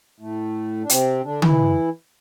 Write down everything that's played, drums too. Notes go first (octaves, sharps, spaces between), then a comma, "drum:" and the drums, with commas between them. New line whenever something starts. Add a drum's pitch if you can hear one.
A2 A3
D4
C3 C4, drum: hi-hat
D3 D4
E3 E4, drum: tom D3